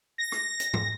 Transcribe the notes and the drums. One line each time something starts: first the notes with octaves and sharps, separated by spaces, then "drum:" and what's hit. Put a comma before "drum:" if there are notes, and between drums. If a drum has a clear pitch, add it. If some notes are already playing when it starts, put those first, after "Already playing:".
A#6
drum: rim click
drum: hi-hat
drum: tom